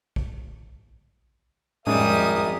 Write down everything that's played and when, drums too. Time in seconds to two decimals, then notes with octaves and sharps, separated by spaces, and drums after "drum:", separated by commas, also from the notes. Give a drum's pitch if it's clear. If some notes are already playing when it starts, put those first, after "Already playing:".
0.16 drum: kick A#1
1.87 G#1 F2 G3 G#3 C#4 A#4 E5 D#6, drum: tom A2